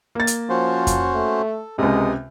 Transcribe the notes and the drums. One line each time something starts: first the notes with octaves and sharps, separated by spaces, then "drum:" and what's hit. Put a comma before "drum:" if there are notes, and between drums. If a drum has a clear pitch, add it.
A#3 A6
drum: hi-hat
F3 C#4 F#4 C5
drum: kick F2, hi-hat
A3
A4
C#2 C3 G#3 A#4 D#6